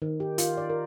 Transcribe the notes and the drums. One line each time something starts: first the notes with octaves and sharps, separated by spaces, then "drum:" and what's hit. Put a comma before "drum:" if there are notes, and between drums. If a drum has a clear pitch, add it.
D#3
G4
F4, drum: hi-hat
D5
A#4